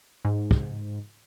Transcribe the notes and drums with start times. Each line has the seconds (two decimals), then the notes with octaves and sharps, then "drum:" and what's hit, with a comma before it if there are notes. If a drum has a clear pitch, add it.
0.25 G#2
0.51 drum: kick